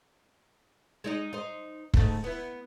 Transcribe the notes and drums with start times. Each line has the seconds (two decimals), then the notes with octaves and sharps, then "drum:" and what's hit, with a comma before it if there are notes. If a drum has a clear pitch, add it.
1.04 G#3 D#4 D#5
1.33 D#4 C5
1.94 G#2 C#3 A3, drum: kick
2.24 B3 E4